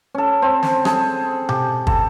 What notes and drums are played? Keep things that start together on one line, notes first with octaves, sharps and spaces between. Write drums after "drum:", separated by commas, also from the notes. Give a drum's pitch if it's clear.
C#4 A4
C4
drum: snare
G#4 A4, drum: rim click
G4, drum: tom B2
A4, drum: kick